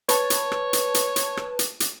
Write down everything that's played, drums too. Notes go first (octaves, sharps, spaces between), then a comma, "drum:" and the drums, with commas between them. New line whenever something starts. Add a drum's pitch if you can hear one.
B4 C#5 A5, drum: hi-hat
drum: hi-hat
drum: rim click
drum: hi-hat
drum: hi-hat
drum: hi-hat
drum: rim click
drum: hi-hat
drum: hi-hat